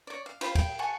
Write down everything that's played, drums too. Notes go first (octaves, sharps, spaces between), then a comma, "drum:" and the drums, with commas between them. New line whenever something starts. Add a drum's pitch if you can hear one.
C#5 D5
F5
F4 C5 B5, drum: cymbal
G5, drum: kick, cymbal
F#5 G#5 A5 C#6